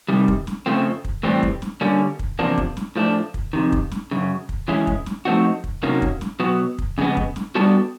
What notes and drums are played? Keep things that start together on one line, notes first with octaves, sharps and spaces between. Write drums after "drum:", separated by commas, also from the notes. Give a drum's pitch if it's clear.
C3 D#3 G3
drum: kick
drum: snare
F2 C#3 F3 A3 C4
drum: kick
A2 E3 G3 C4
drum: kick
drum: snare
D3 G3 A#3 C#4
drum: kick
E2 C3 F3 A#3 D4
drum: kick
drum: snare
A2 F3 A3 D4
drum: kick
F2 C3 D#3
drum: kick
drum: snare
F#2 C#3
drum: kick
E3 G#3 C#4 E4
drum: kick
drum: snare
F3 A3 C4 D#4 F#4
drum: kick
C3 D#3 F#3 A#3 C#4
drum: kick
drum: snare
B2 F#3 B3
drum: kick
F2 C#3 G#3 B3
drum: kick
drum: snare
G3 B3 D4 F#4 A4